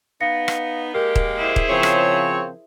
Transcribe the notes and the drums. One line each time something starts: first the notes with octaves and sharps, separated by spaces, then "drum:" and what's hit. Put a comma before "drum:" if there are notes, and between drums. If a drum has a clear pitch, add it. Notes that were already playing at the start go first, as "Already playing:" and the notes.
B3 D#4 F5 A#6 C#7
drum: rim click
G#3 A#3 G4 A#4
drum: kick
E4 G#4 C5
drum: kick
C#3 F3 C4 C#5
drum: rim click